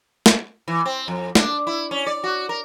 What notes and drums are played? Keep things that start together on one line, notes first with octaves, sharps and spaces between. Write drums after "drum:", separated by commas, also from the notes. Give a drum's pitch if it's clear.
drum: snare
E3
C4
F2
D4, drum: snare
E4
C#4
D5
F#4
A#4